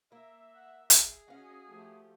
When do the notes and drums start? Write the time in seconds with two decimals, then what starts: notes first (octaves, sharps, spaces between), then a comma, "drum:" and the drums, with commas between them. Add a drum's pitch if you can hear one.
0.12 A#3 E5
0.55 F#5
0.90 G#4, drum: hi-hat
1.28 C#4 F#4 D#5 F5
1.67 F3 A3 G4